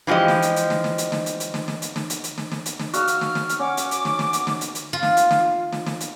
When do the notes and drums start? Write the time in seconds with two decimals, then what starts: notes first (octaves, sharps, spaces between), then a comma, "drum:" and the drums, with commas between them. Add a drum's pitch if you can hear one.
0.07 E3 F3 G#3 G4 D#5
0.28 drum: snare
0.42 drum: hi-hat
0.56 drum: hi-hat
0.70 drum: snare
0.84 drum: snare
0.98 drum: hi-hat
1.12 drum: snare
1.26 drum: hi-hat
1.40 drum: hi-hat
1.54 drum: snare
1.68 drum: snare
1.82 drum: hi-hat
1.96 drum: snare
2.10 drum: hi-hat
2.24 drum: hi-hat
2.38 drum: snare
2.52 drum: snare
2.66 drum: hi-hat
2.80 drum: snare
2.93 F#4 F5 E6 F6, drum: hi-hat
3.07 drum: hi-hat
3.21 drum: snare
3.35 drum: snare
3.49 drum: hi-hat
3.59 C#4 F#5 D6
3.77 drum: hi-hat
3.91 drum: hi-hat
4.05 drum: snare
4.19 drum: snare
4.33 drum: hi-hat
4.47 drum: snare
4.61 drum: hi-hat
4.75 drum: hi-hat
4.93 F4
5.03 drum: snare
5.17 drum: hi-hat
5.31 drum: snare
5.73 drum: snare
5.86 drum: snare
6.00 drum: hi-hat